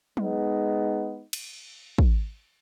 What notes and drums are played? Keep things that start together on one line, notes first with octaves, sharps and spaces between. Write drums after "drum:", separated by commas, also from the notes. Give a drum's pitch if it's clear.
G#3 B3 D#4, drum: tom F#3
drum: cymbal
drum: kick